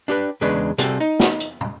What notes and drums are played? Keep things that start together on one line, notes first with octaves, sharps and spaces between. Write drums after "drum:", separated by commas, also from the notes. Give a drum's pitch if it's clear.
D4 G4 A4 B4
E2 C#3 G#3 D4 B4
C3 G3 C4 F#4 G#4 A4, drum: hi-hat
D#4
drum: snare
drum: hi-hat
drum: tom